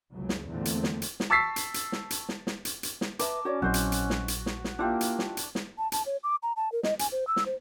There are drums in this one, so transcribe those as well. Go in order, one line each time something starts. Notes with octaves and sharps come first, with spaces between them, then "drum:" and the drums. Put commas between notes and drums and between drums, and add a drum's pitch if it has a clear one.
F#1 C#2 C#3 F#3
drum: snare
E2 A#2 D3 A3 C4
drum: hi-hat
drum: snare
drum: hi-hat
drum: snare
A5 C#6 E6 A6 B6 C7
drum: hi-hat
drum: hi-hat
drum: snare
drum: hi-hat
drum: snare
drum: snare
drum: hi-hat
drum: hi-hat
drum: snare
B4 D#5 E5 A5 A#5 D6, drum: hi-hat
C#4 F#4 C#5 D5
A#1 F#3 C4 E4 F#4 C5 D#5
drum: hi-hat
drum: hi-hat
drum: snare
drum: hi-hat
drum: snare
drum: snare
A#3 D4 E4 F4 G4
drum: hi-hat
drum: snare
drum: hi-hat
drum: snare
A5
A5, drum: hi-hat
C#5
D6
A#5
A5
A#4
D#5, drum: snare
G#5, drum: hi-hat
C5
E6
drum: snare
C5